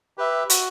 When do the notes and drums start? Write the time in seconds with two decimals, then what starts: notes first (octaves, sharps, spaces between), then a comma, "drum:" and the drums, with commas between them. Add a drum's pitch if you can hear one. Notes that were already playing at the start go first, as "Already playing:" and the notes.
0.18 G4 B4 E5
0.50 F#4, drum: hi-hat